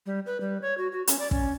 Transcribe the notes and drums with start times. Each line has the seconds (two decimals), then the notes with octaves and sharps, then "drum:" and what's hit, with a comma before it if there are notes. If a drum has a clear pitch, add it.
0.06 G3
0.26 B4
0.41 G3
0.62 C#5
0.78 F#4
0.92 F#4
1.07 C#4, drum: hi-hat
1.19 D5
1.31 C#4, drum: kick